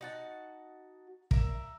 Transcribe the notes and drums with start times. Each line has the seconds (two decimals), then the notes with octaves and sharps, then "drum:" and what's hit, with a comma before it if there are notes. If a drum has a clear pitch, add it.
0.01 D#4 F#4 A5
1.31 A#4 E5, drum: kick